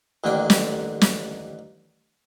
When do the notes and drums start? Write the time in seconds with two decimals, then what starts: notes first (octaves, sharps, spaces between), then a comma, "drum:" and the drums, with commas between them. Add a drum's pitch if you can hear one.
0.24 A1 D#2 D3 A#3 G5
0.50 drum: snare
1.01 drum: snare